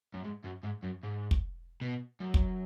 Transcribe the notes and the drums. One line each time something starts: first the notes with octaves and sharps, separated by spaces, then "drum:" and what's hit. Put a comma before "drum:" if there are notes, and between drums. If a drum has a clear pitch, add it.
F#2
G#2
F#2
G#2
F#2
G#2
drum: kick
B2
F#2
drum: kick